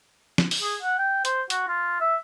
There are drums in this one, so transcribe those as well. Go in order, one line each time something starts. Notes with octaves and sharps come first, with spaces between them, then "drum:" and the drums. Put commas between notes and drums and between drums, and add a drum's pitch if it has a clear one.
drum: snare
drum: open hi-hat
G#4
F#5
G5
C5, drum: hi-hat
F#4, drum: hi-hat
F4
E5